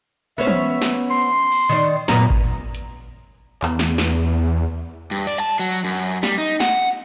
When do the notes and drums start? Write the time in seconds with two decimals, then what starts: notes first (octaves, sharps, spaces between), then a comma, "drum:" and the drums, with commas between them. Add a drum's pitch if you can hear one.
0.38 B3 C#4 C5 E5
0.47 drum: tom E3
0.82 drum: snare
1.10 C6
1.51 drum: cymbal
1.69 D#3 D5
2.08 F#2 A#2 B3 A#5, drum: snare
2.30 drum: kick G#1
2.75 drum: hi-hat
3.63 E2, drum: clap
3.79 drum: snare
3.98 drum: snare
5.11 G2
5.27 D5, drum: cymbal
5.40 A5
5.59 F#3
5.84 F#2
6.23 G3, drum: snare
6.38 D#4
6.60 F#5, drum: snare